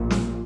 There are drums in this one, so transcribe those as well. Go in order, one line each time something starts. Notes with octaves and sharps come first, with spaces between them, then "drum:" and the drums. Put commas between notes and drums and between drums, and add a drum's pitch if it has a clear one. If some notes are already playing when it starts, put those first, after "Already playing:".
Already playing: A#1 A#2
drum: snare